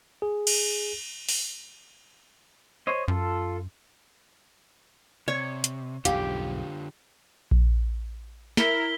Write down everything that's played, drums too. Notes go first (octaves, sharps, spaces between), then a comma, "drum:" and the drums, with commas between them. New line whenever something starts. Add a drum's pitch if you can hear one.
G#4
drum: cymbal
drum: open hi-hat
C5 C#5 D#5
F#2 F4 A4
C3 C#5 D5
drum: hi-hat
B1 F2 G#2 D3 F4 G4 F5, drum: hi-hat
drum: kick A#1
E4 A#4 B6 G7, drum: snare